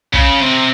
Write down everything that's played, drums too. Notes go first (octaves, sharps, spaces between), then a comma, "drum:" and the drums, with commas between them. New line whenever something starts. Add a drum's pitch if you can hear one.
C#3, drum: kick
C3